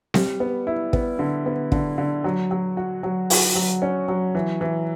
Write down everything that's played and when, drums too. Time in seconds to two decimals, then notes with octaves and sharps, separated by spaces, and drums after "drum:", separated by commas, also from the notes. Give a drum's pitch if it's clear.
0.14 G3, drum: snare C4
0.40 B3
0.67 E4
0.93 B3, drum: kick
1.19 D3
1.46 B3
1.72 D3, drum: kick
1.98 D3
2.24 F#3
2.51 F#3
2.77 F#4
3.03 F#3
3.30 F#4, drum: open hi-hat
3.55 F#3
3.82 C#4
4.08 F#3
4.35 E3
4.61 E3